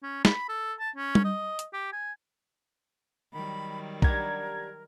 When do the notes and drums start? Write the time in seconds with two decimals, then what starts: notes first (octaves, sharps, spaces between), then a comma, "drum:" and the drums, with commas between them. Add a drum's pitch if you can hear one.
0.03 C#4
0.25 B5, drum: snare
0.49 A4
0.80 A5
0.96 C#4
1.15 drum: tom G3
1.25 D#5
1.59 drum: hi-hat
1.74 G4
1.93 G#5
3.33 D#3 F#3 G3 B5
4.02 D4 G4 A#4 F#5 A#5 G#6, drum: kick